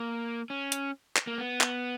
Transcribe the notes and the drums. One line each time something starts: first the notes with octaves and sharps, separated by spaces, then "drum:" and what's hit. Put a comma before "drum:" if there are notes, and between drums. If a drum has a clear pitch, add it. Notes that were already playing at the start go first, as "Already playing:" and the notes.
Already playing: A#3
C#4
drum: hi-hat
drum: clap
A#3
B3
drum: clap